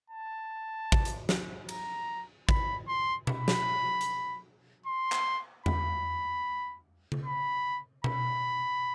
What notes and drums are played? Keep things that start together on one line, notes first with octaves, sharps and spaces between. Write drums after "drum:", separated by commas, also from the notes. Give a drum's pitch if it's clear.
A5
drum: kick
drum: hi-hat
drum: snare
A#5, drum: cymbal
B5, drum: kick
C6
B5, drum: tom B2
drum: snare
drum: hi-hat
C6
drum: clap
B5, drum: tom E2
drum: tom C#3
B5
B5, drum: tom B2